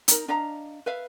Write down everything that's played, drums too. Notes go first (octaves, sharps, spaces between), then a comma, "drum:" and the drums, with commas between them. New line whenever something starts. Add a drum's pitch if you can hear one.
D#4 A#4, drum: hi-hat
D4 D#5 F5 A#5
B4 E5 F5